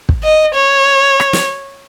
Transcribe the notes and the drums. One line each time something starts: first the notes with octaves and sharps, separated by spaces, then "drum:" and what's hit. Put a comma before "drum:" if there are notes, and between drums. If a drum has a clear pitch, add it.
drum: kick
D#5
C#5
drum: rim click
drum: snare